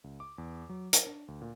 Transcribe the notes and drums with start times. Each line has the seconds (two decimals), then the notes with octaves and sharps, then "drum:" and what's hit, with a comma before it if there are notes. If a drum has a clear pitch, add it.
0.04 C#2
0.20 D6
0.38 E2
0.69 F#3
0.93 A#4, drum: hi-hat
1.07 D4
1.28 D2
1.42 A#2